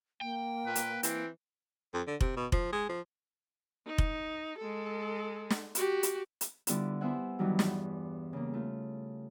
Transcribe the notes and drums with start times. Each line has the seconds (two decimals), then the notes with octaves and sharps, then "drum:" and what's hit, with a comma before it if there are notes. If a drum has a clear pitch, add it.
0.21 A#3 G5
0.66 A#2 B4
0.75 drum: hi-hat
1.03 E3 C4, drum: hi-hat
1.94 F2
2.07 D3
2.21 C3, drum: kick F1
2.36 B2
2.52 F3, drum: kick F1
2.72 G#3
2.89 F3
3.86 D#4
3.98 drum: kick F1
4.58 G#3 A4
5.50 drum: snare
5.75 F#4 G4, drum: hi-hat
6.03 drum: hi-hat
6.41 drum: hi-hat
6.67 D3 G3 B3 E4 F4, drum: hi-hat
7.01 B3 E4 C5 E5 F#5 G#5
7.39 G2 D#3 E3 F#3 G3
7.59 E2, drum: snare
8.33 C#3 A#3
8.53 A3 F4